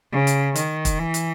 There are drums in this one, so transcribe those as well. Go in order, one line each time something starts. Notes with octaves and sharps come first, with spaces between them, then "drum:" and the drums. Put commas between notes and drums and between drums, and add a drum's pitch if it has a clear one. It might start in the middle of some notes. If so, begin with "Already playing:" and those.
C#3
drum: hi-hat
D#3, drum: hi-hat
drum: kick, hi-hat
E3
drum: hi-hat